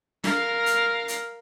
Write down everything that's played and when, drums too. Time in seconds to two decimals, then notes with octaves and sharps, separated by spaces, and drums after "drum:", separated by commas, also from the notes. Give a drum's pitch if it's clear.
0.24 A#4 F5, drum: snare
0.66 drum: hi-hat
1.08 drum: hi-hat